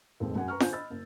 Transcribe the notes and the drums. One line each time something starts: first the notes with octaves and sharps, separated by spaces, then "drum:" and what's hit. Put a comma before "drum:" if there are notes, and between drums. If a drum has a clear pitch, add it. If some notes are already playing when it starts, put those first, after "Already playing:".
F1 D#2 A#2 G#3 C4
F#2 F#5 G#5
B4 A#5 C#6 F6
D3 C5 G#5 G6, drum: snare
D#5 B5 E6 A6
F#1